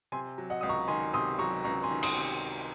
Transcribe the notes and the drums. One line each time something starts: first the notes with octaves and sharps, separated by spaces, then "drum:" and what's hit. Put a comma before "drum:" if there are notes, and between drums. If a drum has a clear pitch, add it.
C3 G#5 C6
F#3
D#5 F#5
C#2 D#6
A#5 C#6
D#3 G#5 C6
C3 C6 D#6
F#3 A#5 C#6
C#2 A#5 C#6
G#5 C6
D#3
C6 D#6, drum: cymbal
C3